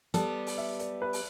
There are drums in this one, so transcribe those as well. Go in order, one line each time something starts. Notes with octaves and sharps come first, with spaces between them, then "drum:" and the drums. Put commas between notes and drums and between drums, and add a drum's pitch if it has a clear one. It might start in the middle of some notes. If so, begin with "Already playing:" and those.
G3 B3 G4 A4, drum: hi-hat
drum: open hi-hat
E5
D5, drum: hi-hat
B4
drum: open hi-hat